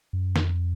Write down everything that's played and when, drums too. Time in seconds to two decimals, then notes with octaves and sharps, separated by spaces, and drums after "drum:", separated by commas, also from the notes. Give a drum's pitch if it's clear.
0.13 F#2
0.36 F2, drum: snare